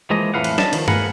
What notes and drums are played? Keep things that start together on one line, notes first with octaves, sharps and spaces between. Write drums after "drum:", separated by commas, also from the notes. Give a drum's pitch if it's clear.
E3 F3 G#3 A#3 D#5
F2 A2 E3 B4 F5 F#5
drum: cymbal
B3 C#4 D4 B4 D#5 A5, drum: snare
D#3 F3, drum: cymbal
G#4 A#4 B4 F5 F#5, drum: tom G2